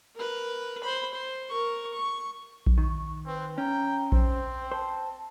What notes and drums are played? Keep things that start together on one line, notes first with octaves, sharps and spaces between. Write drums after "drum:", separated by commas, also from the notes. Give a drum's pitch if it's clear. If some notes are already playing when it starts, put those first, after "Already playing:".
A#4 B4
C5 B5
C5
A#4 C#6
C#6
drum: kick A#1
D#3 C#6
C4 B4
C#4 G5 A#5
C4 C5, drum: kick A#1
C5 A5